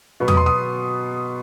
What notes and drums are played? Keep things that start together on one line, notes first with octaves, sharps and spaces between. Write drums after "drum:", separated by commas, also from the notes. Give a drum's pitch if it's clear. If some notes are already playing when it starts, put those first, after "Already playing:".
B2 F#3 B3
D#6, drum: tom E2
C6
D#6